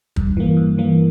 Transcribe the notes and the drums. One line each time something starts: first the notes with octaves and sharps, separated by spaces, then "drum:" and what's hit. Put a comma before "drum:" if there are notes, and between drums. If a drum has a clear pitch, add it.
G2, drum: kick
E3 A#3
G2
E3 A#3